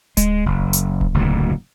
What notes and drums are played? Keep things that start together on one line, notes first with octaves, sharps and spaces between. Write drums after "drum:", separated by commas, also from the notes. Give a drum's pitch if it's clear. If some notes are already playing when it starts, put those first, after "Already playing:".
G#3, drum: kick D1, hi-hat
F#1
drum: hi-hat
drum: kick D1
F#1 D2 G#2 B2